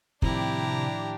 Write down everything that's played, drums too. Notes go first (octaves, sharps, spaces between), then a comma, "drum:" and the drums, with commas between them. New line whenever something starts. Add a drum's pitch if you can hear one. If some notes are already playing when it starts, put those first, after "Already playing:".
A2 C3 D#3 F3 D4 E4 G4 A#5, drum: kick